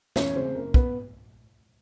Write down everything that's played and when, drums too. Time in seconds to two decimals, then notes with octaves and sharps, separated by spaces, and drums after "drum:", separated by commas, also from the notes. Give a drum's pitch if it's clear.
0.16 E2 C#4 C#5, drum: snare
0.35 C#3 C4 C5
0.55 F#1 A#4
0.74 B3 B4, drum: kick